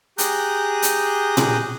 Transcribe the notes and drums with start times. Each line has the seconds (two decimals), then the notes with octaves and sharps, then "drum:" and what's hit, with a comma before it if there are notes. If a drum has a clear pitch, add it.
0.18 G4 G#4 A#5 D#6 F#6 G6, drum: hi-hat
0.82 drum: hi-hat
1.37 drum: tom A#2